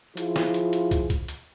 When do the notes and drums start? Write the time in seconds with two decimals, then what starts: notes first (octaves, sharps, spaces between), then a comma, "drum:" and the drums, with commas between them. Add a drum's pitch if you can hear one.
0.17 F3 E4 F4 G#4, drum: hi-hat
0.36 drum: snare
0.54 drum: hi-hat
0.73 drum: hi-hat
0.91 drum: kick, hi-hat
1.10 drum: kick, hi-hat
1.28 drum: hi-hat